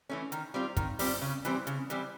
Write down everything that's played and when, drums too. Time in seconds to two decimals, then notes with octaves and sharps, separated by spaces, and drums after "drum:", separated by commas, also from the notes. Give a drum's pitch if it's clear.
0.09 E3 A3 C#4
0.32 D#3, drum: hi-hat
0.54 G3 C4 F4
0.77 D#3, drum: kick, hi-hat
0.99 G3 C4 F4, drum: open hi-hat
1.21 C#3
1.45 E3 G3 C4, drum: hi-hat
1.67 C#3, drum: hi-hat
1.90 E3 G3 C4, drum: hi-hat